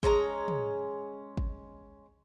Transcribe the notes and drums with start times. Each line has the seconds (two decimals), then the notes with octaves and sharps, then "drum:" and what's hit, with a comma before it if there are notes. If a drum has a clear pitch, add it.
0.03 G#3 C#4 A5 A#5, drum: kick
0.48 drum: tom
1.37 drum: kick